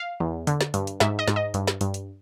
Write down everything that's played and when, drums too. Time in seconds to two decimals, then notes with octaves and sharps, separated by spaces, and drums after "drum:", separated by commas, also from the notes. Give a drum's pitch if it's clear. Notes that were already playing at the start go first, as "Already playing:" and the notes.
Already playing: F5
0.20 E2
0.47 D3, drum: hi-hat
0.61 drum: snare
0.74 G2, drum: hi-hat
0.87 drum: hi-hat
1.00 G#2 E5, drum: snare
1.19 D#5
1.28 G#2, drum: snare
1.36 D#5
1.54 G2, drum: hi-hat
1.67 drum: snare
1.81 G2, drum: hi-hat
1.94 drum: hi-hat